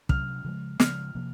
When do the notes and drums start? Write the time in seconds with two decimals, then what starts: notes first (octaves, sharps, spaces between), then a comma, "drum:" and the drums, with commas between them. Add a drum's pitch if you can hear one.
0.09 C3 F#3 C#4 F6, drum: kick
0.44 C#3 F3 G#3
0.80 C#3 F3 G#3 F6, drum: snare
1.15 C3 F3 A#3